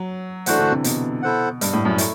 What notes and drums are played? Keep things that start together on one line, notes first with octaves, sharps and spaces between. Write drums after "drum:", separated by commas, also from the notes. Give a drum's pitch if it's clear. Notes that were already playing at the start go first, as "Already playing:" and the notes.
Already playing: F#3
E3 A3 D4 F#4 C5 F#5, drum: hi-hat
D3
C3
B2, drum: hi-hat
E4 A4 C5 F#5
G2, drum: hi-hat
A2
F#2
A3 E4, drum: hi-hat